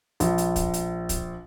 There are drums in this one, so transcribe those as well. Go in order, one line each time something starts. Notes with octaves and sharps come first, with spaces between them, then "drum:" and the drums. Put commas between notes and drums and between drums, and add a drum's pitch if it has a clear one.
A#1, drum: hi-hat
drum: hi-hat
drum: kick, hi-hat
drum: hi-hat
drum: kick, hi-hat